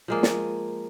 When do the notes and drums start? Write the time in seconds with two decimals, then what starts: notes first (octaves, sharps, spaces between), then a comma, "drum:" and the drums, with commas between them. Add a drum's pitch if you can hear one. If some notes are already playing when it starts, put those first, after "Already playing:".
0.08 F3 G#3 A#3
0.23 drum: snare